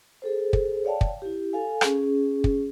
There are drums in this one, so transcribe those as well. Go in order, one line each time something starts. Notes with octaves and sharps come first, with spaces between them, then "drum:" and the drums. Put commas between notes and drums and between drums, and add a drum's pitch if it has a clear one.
G#4 A4 C5
drum: kick
C#5 D5 F5 G5 A5
drum: kick
E4 G4
A4 F5 G#5
C#4 G#4, drum: rim click
drum: kick